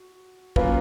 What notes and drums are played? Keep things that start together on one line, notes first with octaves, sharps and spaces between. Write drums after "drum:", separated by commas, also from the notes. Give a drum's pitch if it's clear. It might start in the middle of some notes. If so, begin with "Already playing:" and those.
Already playing: F#4
F#3 A#3 C#4 F4 A#4 B4, drum: kick